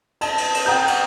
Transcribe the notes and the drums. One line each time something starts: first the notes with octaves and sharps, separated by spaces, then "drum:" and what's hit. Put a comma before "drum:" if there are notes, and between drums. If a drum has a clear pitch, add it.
A5, drum: cymbal
drum: cymbal
drum: cymbal
F#5 G5 A#5 D#6 G6
drum: cymbal